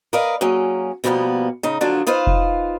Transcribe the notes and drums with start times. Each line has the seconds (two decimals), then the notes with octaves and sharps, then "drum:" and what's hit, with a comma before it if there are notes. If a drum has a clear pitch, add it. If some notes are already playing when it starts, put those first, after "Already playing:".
0.13 A#4 B4 D5 D#5 F5
0.41 F#3 A#3 C#4 G#4
1.04 B2 D3 F3 G3 A#3 B3
1.63 C#3 D#4
1.81 D3 F3 F#3 D4 F4 A5
2.07 D#4 F4 B4 C5 F5
2.27 drum: kick F1